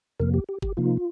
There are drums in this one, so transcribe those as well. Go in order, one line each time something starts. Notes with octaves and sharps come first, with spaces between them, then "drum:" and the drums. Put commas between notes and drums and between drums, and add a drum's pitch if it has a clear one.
F2 C3 F3 A#3 A#4
G4
G4
G4, drum: kick F#1
C3 F3 A#3 D#4 F4